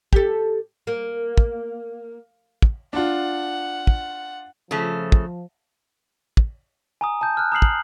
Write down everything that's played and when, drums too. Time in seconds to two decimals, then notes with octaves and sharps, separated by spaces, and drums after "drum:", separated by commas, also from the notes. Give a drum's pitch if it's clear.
0.13 G4 A4, drum: kick
0.87 A#3
1.38 drum: kick
2.62 drum: kick
2.93 D4 F4 F#5
3.87 drum: kick
4.71 C#3 F3 A3
5.12 drum: kick
6.37 drum: kick
7.01 G#5 A#5 D#6
7.21 A5 G6
7.37 F6 F#6
7.52 A#5 D#6 F6 C7 F#7
7.62 drum: kick